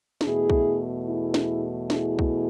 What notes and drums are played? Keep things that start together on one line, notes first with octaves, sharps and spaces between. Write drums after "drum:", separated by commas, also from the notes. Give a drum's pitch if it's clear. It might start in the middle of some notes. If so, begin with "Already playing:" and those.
E2 B2 A3 E4 G#4, drum: snare
drum: kick B1
E4 G#4
drum: snare
E4 G#4, drum: snare
drum: kick B1